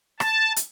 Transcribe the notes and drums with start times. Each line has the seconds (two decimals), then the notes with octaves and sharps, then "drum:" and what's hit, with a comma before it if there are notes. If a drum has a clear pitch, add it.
0.20 A5, drum: rim click
0.56 drum: hi-hat